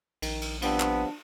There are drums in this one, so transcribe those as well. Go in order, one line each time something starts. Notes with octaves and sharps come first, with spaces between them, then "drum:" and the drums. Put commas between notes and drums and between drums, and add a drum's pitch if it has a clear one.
A#1 D#3, drum: cymbal
drum: cymbal
F3 G3 B3 C4 D4, drum: cymbal
drum: clap